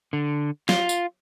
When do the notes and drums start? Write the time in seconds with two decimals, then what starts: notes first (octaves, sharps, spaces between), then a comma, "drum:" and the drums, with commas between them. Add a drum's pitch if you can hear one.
0.13 D3
0.69 F4, drum: snare
0.89 drum: tambourine